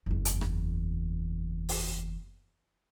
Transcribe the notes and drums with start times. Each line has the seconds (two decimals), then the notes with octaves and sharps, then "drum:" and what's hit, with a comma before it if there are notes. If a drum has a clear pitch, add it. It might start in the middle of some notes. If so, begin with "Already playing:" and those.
0.06 F#1 E2
0.25 drum: hi-hat
0.41 drum: rim click
1.69 drum: open hi-hat